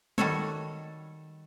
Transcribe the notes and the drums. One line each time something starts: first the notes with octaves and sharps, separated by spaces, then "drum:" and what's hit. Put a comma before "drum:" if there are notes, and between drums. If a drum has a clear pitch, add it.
D#3 G3 F#4 A4 C#5, drum: tom G3